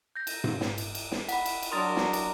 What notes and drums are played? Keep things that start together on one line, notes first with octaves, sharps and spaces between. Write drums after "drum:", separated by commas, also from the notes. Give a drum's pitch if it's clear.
G6 A#6
drum: cymbal
drum: tom G#2
drum: snare
drum: cymbal
drum: cymbal
drum: snare
F#5 B5, drum: cymbal
drum: cymbal
drum: cymbal
F#3 D4 A#4 C6 D#6 A6
drum: snare
drum: cymbal